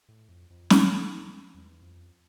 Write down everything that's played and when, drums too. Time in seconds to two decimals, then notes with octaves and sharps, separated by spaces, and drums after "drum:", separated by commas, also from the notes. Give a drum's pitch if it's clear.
0.09 A2
0.29 F2
0.50 F2
0.70 E2, drum: snare
1.54 E2
1.82 F2